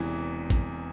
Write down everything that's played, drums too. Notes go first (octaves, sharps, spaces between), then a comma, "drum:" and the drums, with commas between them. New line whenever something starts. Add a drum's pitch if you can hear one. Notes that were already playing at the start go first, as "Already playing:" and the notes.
Already playing: E1 E2 C3 E3
drum: kick, hi-hat